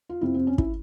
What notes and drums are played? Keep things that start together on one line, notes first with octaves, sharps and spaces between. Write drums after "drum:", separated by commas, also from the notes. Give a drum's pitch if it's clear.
F4
F2 C3 F3 E4
C4
C#4
E4, drum: kick